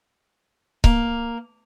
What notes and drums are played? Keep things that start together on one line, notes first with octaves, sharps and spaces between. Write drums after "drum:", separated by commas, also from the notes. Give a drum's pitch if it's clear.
A#3, drum: kick C#1